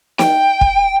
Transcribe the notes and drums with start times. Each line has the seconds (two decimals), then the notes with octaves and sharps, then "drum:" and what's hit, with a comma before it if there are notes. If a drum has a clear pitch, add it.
0.19 G5, drum: snare
0.61 drum: kick